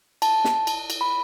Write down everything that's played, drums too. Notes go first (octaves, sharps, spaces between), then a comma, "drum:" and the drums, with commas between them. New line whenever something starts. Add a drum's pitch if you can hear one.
A5, drum: cymbal
drum: snare
drum: cymbal
drum: cymbal
B5